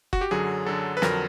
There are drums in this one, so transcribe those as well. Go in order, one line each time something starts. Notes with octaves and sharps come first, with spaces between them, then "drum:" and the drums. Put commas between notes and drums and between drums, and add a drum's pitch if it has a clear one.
F#4, drum: kick F#1
G4
F#2 D3 F#3 G#4
F#2 D3 F#3 A4
B4
F2 D3 F#3 A#4, drum: snare